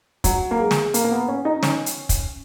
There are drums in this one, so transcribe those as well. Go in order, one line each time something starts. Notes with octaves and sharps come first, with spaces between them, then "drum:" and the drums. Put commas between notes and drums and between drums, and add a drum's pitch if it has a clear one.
F#3, drum: kick, hi-hat
A#3
G#3
drum: snare
A#3, drum: hi-hat
A#3
B3
C#4
D#4
C#4, drum: snare
drum: hi-hat
drum: kick, hi-hat